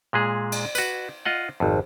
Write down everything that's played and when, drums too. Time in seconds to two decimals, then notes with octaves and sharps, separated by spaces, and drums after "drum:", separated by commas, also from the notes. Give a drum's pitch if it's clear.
0.13 A#2 G#3 G#4
0.52 drum: cymbal
0.75 F#4 B4, drum: tambourine
1.25 F4 D#5 F#5
1.60 G#1 F2